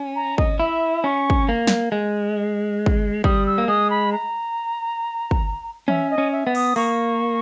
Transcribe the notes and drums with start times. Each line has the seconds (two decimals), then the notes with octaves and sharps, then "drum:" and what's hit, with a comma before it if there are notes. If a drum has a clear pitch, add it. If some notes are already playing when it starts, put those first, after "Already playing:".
Already playing: C#4
0.16 A#5
0.38 D#5, drum: kick
0.60 E4 E5
1.04 C#4 C#6
1.30 drum: kick
1.49 A#3
1.67 drum: snare
1.92 G#3
2.86 drum: kick
3.24 G3 D#6, drum: kick
3.46 E6
3.58 A#3
3.68 G#3 D#6
3.90 B5
4.12 A#5
5.31 drum: kick
5.88 C#4 E5, drum: tom E3
6.10 D#5
6.18 C#4
6.32 E5
6.47 B3
6.55 D#6, drum: open hi-hat
6.76 A#3 C#6, drum: open hi-hat